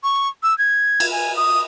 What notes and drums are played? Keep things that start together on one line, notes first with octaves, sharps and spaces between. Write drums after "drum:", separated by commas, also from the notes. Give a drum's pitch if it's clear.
C#6
E6
G#6
drum: cymbal
G#5
D#6